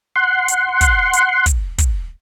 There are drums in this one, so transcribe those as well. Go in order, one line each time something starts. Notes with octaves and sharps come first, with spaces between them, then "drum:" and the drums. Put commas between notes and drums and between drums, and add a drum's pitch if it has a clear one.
F#5 C6
drum: hi-hat
drum: kick, hi-hat
drum: hi-hat
drum: kick, hi-hat
drum: kick, hi-hat